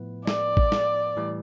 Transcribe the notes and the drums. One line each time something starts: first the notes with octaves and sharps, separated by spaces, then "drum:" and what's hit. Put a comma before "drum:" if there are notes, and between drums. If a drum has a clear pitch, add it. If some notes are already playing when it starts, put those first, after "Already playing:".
Already playing: A2 F3 B3 E4 B4
D5, drum: snare
drum: kick A1
drum: snare
A2 E3 G3